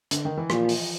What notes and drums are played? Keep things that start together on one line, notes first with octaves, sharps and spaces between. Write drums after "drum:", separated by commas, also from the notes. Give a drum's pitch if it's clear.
D3, drum: hi-hat
D#3
E3
A#2 F3, drum: rim click
drum: open hi-hat